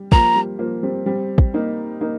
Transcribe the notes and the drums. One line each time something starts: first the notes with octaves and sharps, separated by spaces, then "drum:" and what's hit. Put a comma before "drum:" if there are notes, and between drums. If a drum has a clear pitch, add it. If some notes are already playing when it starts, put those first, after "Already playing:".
Already playing: G3
F3 A#3 A#5, drum: kick
G3
F3 A#3
G3 C4
G3 C4
drum: kick
A#3 D#4
A#3 D#4